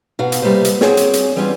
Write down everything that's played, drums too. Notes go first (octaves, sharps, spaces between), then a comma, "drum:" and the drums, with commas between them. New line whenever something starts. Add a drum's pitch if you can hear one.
B2 F#4 F5
drum: hi-hat
C3 G3 A3 A#3 B4 C5
drum: hi-hat
C4 D4 F#4 G#4 C#5, drum: snare
drum: hi-hat
drum: hi-hat
E3 G3 B3 C#4 F4